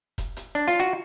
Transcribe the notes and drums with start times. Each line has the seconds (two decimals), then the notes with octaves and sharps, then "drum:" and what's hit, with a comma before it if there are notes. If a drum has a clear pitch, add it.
0.18 drum: kick F1, hi-hat
0.37 drum: hi-hat
0.55 D4
0.68 F4
0.80 F#4